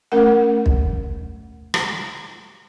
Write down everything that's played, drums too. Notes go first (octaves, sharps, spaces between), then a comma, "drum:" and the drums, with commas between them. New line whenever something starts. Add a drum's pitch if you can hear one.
A3 C#4 A#4 F#5
drum: kick
drum: rim click